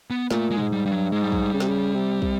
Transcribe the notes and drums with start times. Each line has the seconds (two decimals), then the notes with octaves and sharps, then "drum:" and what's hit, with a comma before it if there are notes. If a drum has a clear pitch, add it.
0.10 B3
0.30 A#2 A3, drum: snare
0.51 G#3
0.58 G#2, drum: tom A2
0.72 G3
0.85 G2 G3
0.92 F#3
1.12 G#2 G#3
1.23 G3
1.32 F#3, drum: kick
1.42 G3
1.54 C#3
1.60 C3, drum: snare
1.68 C#3
1.95 C3
2.22 C3, drum: kick